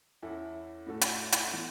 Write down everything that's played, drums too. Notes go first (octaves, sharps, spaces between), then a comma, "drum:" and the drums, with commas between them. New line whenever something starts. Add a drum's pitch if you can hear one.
E2 E3 C#4 E4 A4
A2 A3 F#4 A4
drum: hi-hat
drum: hi-hat
E3 B3